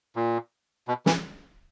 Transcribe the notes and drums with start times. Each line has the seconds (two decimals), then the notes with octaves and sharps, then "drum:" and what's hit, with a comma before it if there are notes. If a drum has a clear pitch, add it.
0.16 A#2
0.88 B2
1.06 E3, drum: snare